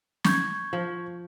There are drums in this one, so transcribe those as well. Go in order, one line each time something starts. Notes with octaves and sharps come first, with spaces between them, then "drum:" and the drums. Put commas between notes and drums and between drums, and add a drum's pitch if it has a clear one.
C#6 G6 G#6, drum: snare
F3